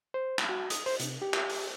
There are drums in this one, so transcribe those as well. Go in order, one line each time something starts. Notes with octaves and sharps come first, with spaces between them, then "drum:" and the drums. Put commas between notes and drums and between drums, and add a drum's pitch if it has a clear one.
C5
drum: clap
F#4
D#6, drum: hi-hat
C5, drum: open hi-hat
C3, drum: hi-hat
G4
drum: clap
drum: open hi-hat